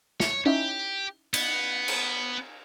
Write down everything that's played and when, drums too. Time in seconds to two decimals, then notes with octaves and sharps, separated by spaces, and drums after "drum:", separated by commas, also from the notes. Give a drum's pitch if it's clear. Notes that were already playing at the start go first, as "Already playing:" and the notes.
0.20 C#5, drum: snare
0.46 C#4 D#4 E4 G4
1.34 B3, drum: cymbal
1.88 drum: cymbal